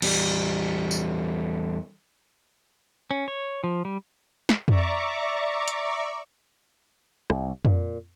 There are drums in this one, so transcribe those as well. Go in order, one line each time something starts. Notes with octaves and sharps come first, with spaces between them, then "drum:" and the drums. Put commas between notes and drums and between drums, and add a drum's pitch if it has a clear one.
E2 G3, drum: cymbal
drum: tambourine
C#4
C#5
F3
G3
drum: snare
D5 E5 A#5 C#6 D6, drum: tom F2
drum: hi-hat
C2, drum: rim click
A#2, drum: tom F2